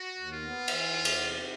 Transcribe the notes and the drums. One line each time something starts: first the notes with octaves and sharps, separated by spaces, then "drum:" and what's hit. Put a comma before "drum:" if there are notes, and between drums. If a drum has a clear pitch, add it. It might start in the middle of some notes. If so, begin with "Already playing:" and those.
Already playing: F#4
D#2
F4
B3
E3, drum: cymbal
E2
drum: cymbal
C3